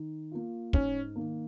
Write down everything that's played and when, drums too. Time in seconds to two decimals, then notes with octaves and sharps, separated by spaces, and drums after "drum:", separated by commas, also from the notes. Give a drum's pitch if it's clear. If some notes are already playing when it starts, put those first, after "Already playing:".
Already playing: D#3
0.31 A#3 F4
0.73 G#2 C#4, drum: kick
1.16 D#3 A#3